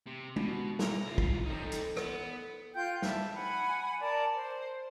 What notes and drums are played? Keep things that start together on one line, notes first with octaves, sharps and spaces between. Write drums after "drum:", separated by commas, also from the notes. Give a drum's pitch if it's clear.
C3
B2, drum: tom G#3
E4 G4 A#5, drum: snare
C2 F4
drum: kick
E3 G3 D#4 A4 C5
drum: hi-hat
B3, drum: rim click
F4 G5 F#6 G6
E5 A5, drum: snare
F#5 G#5 B5
A#4 D5 A5
C5